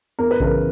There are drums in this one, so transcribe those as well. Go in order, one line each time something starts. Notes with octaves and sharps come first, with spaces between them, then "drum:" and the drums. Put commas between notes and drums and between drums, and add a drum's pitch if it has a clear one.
E2 A#4
B4
C#3 E3 B3 A#4, drum: kick A#1